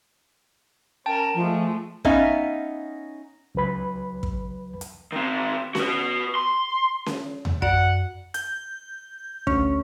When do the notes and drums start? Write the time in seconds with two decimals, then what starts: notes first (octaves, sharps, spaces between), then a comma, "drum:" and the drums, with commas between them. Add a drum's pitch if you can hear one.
1.06 C#4 A#4 G5 A5
1.35 F3 G#3 A3
2.05 B3 C#4 D#4 E5 F5, drum: kick
3.55 C#2 F#3 B4 B5
4.23 drum: kick
4.81 drum: hi-hat
5.12 D#3 C4
5.75 F#4 B4, drum: snare C#4
6.35 C6
7.06 drum: snare C#4
7.45 drum: tom D#2
7.62 F#2 D5 F#5, drum: kick
8.34 G6, drum: hi-hat
9.47 D2 C#4, drum: kick